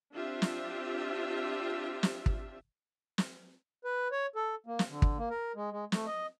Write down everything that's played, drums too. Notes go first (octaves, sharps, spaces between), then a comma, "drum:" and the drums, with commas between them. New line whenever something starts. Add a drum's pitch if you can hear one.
C4 D4 F4 G4 E5
drum: snare
drum: snare
drum: kick
drum: snare
B4
C#5
A4
A#3
drum: snare
D3
drum: kick
A#3
A#4
G#3
G#3
A3, drum: snare
D#5